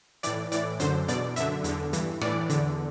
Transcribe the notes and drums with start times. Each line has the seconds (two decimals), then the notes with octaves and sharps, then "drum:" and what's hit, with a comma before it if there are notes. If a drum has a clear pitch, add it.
0.23 A2 E3 D5, drum: hi-hat
0.52 A2 E3 D5, drum: hi-hat
0.80 F#2 D3 C5, drum: hi-hat
1.08 E2 B2 D5, drum: hi-hat
1.36 F#2 D3 E5, drum: hi-hat
1.64 E2 D3, drum: hi-hat
1.93 G2 E3, drum: hi-hat
2.21 A2 E3 D5, drum: rim click
2.50 E2 D3, drum: hi-hat